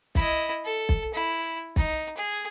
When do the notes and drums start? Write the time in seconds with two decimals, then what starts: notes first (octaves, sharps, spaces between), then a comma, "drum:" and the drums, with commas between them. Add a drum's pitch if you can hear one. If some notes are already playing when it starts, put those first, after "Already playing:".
0.15 E4 D#5, drum: kick
0.64 A4
0.89 drum: kick
1.13 E4
1.76 D#4, drum: kick
2.17 G#4